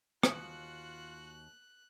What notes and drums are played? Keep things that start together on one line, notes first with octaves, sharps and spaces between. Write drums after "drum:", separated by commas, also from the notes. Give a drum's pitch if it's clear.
D#2 F4 F#4 F#6, drum: rim click